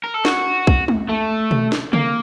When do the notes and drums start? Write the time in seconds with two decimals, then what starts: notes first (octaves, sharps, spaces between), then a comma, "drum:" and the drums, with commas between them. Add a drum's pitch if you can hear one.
0.04 A#4
0.14 A4
0.25 F#4, drum: snare
0.67 drum: kick
0.88 drum: tom G#3
1.09 A3
1.51 drum: tom B2
1.72 drum: snare
1.93 A#3, drum: tom C#3